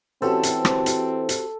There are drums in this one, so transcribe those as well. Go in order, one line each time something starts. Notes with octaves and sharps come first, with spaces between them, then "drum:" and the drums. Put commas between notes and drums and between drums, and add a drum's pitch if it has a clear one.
E3 C4 C#4 F#4 G4 A4 C5
drum: hi-hat
drum: rim click
drum: hi-hat
drum: hi-hat